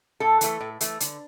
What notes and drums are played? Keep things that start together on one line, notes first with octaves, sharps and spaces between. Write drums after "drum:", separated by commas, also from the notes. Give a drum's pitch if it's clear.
A2 A4
E3 A3, drum: hi-hat
A2
E3 A3, drum: hi-hat
D3, drum: hi-hat